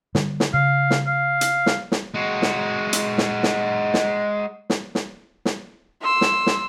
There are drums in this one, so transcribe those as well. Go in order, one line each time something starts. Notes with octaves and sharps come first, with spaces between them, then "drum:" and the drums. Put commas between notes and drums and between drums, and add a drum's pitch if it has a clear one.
D3 G3, drum: snare
drum: snare
C#3 F5
drum: snare
F5
drum: hi-hat
drum: snare
drum: snare
G#3 F#4
drum: snare
drum: hi-hat
drum: snare
drum: snare
drum: snare
drum: snare
drum: snare
drum: snare
C6 E6
drum: snare
drum: snare